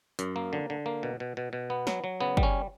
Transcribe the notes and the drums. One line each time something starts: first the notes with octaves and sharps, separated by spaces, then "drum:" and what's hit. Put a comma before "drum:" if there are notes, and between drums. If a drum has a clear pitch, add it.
F#2, drum: hi-hat
A#3
D3
D3
A#3
B2
B2
B2
B2
B3
F#3, drum: snare
F#3
C#3 B3
G3, drum: kick
C#4